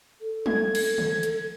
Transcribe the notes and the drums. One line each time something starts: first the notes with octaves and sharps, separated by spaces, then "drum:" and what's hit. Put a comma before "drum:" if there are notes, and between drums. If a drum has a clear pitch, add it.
A4
G#6, drum: tom
drum: cymbal
drum: tom
drum: hi-hat